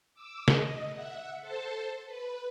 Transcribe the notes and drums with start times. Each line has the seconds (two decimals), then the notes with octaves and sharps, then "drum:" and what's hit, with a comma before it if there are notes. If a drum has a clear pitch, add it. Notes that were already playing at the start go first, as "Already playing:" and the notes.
0.14 D6 E6
0.48 D#5, drum: snare
0.91 E5 F#5
1.41 A4 C5 A5
2.06 B4